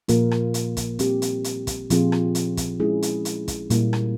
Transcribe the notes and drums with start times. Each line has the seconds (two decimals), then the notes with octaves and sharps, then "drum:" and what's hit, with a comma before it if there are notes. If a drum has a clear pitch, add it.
0.08 A#2 F3 A#3 F4 A#4, drum: hi-hat
0.31 drum: rim click
0.54 drum: hi-hat
0.77 drum: kick, hi-hat
0.99 G3 C4 G4, drum: hi-hat
1.22 drum: hi-hat
1.44 drum: hi-hat
1.67 drum: kick, hi-hat
1.90 A#2 F3 C4 F4 G#4, drum: hi-hat
2.12 drum: rim click
2.35 drum: hi-hat
2.57 drum: kick, hi-hat
2.80 G#3 C#4 E4 G#4
3.02 drum: hi-hat
3.25 drum: hi-hat
3.48 drum: kick, hi-hat
3.70 A#2 G3 A#3 E4 A#4, drum: hi-hat
3.93 drum: rim click